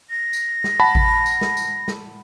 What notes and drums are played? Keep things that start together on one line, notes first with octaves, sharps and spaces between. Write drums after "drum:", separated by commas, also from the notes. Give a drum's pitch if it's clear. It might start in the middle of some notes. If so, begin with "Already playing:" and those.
A#6
drum: tambourine
drum: snare
F#5 A5 B5
drum: kick G#1
drum: tambourine
drum: snare
drum: tambourine
drum: snare